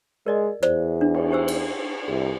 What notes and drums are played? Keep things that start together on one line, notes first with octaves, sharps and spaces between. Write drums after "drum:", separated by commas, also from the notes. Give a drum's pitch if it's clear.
G#3 A#4 D5 D#5
E2 C5 D5, drum: rim click
D4
drum: cymbal
G4 C5 E6
drum: cymbal
C2 G#4